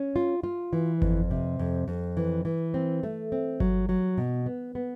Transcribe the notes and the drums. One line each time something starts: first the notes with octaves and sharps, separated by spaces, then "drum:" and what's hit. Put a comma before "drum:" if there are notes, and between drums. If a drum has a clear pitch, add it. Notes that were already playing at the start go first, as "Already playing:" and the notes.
Already playing: C#4
F4
F4
E3
F2, drum: kick G1
C3
F2
F2
E3
E3
C4
A3
C4
F#3, drum: kick G1
F#3
B2
B3
B3